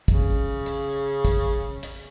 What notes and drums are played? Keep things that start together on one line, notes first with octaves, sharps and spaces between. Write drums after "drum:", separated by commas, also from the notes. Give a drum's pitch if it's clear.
C#3, drum: kick, hi-hat
drum: hi-hat
drum: kick, hi-hat
drum: hi-hat